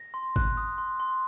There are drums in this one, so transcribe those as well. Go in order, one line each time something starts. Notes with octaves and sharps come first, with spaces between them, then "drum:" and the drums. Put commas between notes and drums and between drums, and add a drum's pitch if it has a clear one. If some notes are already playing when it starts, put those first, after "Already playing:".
Already playing: A#6
C6
F#6, drum: kick
D#6
C6
C6